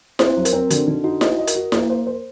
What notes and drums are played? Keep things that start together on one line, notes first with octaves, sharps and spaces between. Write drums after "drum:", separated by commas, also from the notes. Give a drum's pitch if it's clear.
C4 C5, drum: snare E4
F#3
A#4, drum: hi-hat
C4
D3 F#4, drum: hi-hat
D3 D#4
D#4 F#4
F#4 D#5, drum: snare E4
D#5
A#4, drum: hi-hat
F#4
A#3, drum: snare E4
C5
C5